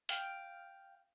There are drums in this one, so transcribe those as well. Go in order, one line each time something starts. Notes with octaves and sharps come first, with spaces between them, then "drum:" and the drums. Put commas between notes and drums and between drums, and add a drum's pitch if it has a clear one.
F5 G5, drum: hi-hat